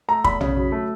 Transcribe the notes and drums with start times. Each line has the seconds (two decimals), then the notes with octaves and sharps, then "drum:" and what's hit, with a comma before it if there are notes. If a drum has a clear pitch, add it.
0.08 A3 A#5
0.24 E2 B5, drum: kick
0.41 C#3, drum: tom A#1
0.57 F#3
0.72 A3